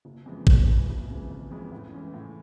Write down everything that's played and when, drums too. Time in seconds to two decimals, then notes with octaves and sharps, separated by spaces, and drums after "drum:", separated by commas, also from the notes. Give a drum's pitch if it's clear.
0.05 F#1
0.26 F2 C#3 E3 G#3
0.47 F#1, drum: kick G#1
0.67 F2 C#3 E3 G#3
0.89 F#1
1.09 F2 C#3 E3 G#3
1.31 F#1
1.51 F2 C#3 E3 G#3
1.72 A2
1.93 E3 G#3 C#4
2.14 A2